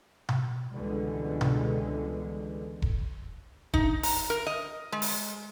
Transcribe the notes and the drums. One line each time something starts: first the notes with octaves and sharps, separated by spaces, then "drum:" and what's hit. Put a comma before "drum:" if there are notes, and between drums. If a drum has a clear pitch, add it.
drum: tom B2
C#2 B2 D3 E3 G3 G#3
drum: tom B2
drum: kick E1
D#4, drum: kick E1
A#5, drum: open hi-hat
A#4
D#5
G#3
drum: open hi-hat